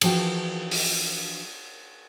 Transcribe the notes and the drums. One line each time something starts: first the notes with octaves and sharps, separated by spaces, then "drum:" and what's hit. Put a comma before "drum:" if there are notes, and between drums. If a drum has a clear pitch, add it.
E3 F3 D4 F#4 G5, drum: cymbal
drum: open hi-hat